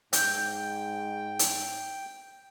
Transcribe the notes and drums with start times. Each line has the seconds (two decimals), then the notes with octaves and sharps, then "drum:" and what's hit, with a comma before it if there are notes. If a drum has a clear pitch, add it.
0.13 G#2 G5 G6, drum: hi-hat
1.39 drum: hi-hat